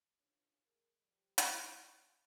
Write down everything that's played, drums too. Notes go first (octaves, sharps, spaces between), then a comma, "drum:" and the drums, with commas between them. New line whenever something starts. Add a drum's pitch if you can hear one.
G#2 E3 C#4 D4 F4
D#2 D#3 G#3 A#4
F3 G3
drum: hi-hat
D3 F3 G3 D4
B4